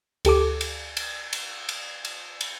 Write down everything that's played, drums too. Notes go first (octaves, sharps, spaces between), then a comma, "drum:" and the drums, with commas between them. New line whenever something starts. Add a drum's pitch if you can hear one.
D2 G4 A4 D6, drum: cymbal
drum: cymbal
drum: cymbal
drum: cymbal
drum: cymbal
drum: cymbal
drum: cymbal